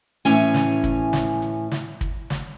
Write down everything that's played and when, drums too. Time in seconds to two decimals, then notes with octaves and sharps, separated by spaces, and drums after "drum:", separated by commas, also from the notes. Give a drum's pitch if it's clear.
0.25 A2 E3 C#4 G#5, drum: hi-hat
0.54 drum: snare
0.84 drum: kick, hi-hat
1.13 drum: snare
1.42 drum: hi-hat
1.72 drum: snare
2.01 drum: kick, hi-hat
2.30 drum: snare